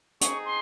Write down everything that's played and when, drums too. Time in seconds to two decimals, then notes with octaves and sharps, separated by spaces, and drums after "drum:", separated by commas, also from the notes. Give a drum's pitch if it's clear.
0.21 C4 D#4 G#4 C#6, drum: hi-hat
0.45 C6